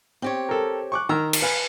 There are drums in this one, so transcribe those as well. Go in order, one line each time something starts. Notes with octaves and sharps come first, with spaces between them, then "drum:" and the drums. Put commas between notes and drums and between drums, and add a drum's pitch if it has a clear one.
C4 G4 C#5
A4 A#4
C#6 D6 F#6
D#3 A#5 E6 F6
drum: cymbal
B4 F5 G#5